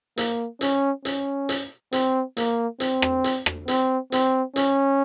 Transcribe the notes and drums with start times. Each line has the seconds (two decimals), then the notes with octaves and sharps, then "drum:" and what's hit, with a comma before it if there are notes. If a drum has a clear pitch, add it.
0.18 A#3, drum: hi-hat
0.61 C#4, drum: hi-hat
1.05 C#4, drum: hi-hat
1.49 drum: hi-hat
1.93 C4, drum: hi-hat
2.37 A#3, drum: hi-hat
2.80 C4, drum: hi-hat
3.02 drum: rim click
3.24 drum: hi-hat
3.46 drum: rim click
3.68 C4, drum: hi-hat
4.12 C4, drum: hi-hat
4.56 C#4, drum: hi-hat